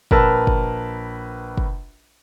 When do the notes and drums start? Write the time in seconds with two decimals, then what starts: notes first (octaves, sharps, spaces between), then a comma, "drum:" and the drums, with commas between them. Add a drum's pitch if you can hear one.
0.11 A#1 A#4 B4 A5 E6, drum: kick
0.47 drum: kick
1.57 drum: kick